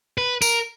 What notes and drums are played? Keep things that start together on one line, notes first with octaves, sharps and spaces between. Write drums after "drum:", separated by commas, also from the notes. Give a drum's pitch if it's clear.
B4
A#4, drum: tambourine